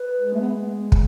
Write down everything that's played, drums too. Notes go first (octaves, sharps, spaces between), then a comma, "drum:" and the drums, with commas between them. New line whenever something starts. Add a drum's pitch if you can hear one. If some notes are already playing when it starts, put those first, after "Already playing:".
Already playing: B4
G#3
A3
B3
drum: kick